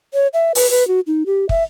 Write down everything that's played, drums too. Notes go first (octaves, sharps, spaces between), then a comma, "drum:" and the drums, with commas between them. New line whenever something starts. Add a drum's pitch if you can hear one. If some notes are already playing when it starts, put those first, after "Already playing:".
C#5
E5
B4, drum: open hi-hat
B4
F#4
D#4
G4
E5, drum: kick